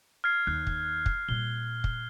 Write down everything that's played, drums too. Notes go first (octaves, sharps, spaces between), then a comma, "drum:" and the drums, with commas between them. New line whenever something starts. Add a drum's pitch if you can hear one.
F6 G#6 C7
D#2 F#6
drum: kick
drum: kick
A#2 G3 G7
drum: kick